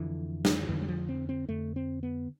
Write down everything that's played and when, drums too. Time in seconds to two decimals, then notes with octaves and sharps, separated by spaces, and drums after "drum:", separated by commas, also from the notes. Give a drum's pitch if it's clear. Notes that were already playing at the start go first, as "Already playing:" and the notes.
Already playing: F2 D3 E3
0.45 drum: snare
0.69 F2 D3 E3
0.82 G3
0.88 F3
1.09 C4
1.29 C4
1.49 F2 D3 A3
1.76 C4
2.03 B3